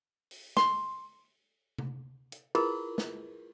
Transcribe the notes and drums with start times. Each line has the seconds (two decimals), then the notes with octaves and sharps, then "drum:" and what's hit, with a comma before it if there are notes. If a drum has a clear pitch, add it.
0.31 drum: open hi-hat
0.57 C6, drum: snare
1.78 drum: tom C3
2.32 drum: hi-hat
2.55 E4 F4 G#4 A#4 B4, drum: cymbal
2.98 drum: snare